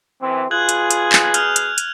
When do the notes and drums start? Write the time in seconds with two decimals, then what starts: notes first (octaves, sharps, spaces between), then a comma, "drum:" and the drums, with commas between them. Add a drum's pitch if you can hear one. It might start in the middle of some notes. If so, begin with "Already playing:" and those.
0.22 F#2 E3 C4
0.51 B2 F4 G#4 F#6 G#6 F#7
0.69 drum: hi-hat
0.91 drum: hi-hat
1.12 drum: clap
1.34 F6 G6 F7, drum: hi-hat
1.56 drum: hi-hat
1.78 drum: hi-hat